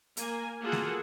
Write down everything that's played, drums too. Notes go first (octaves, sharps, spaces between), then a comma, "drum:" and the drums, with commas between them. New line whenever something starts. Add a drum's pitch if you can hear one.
A#3 G#5, drum: hi-hat
A#3 F4 F#4 G#4 A4 F#5
drum: snare A3